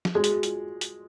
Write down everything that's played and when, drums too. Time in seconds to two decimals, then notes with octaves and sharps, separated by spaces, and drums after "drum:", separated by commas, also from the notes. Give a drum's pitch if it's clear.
0.05 drum: snare
0.15 G#3 F#4
0.24 G#4, drum: hi-hat
0.32 F#4
0.43 F4, drum: hi-hat
0.81 drum: hi-hat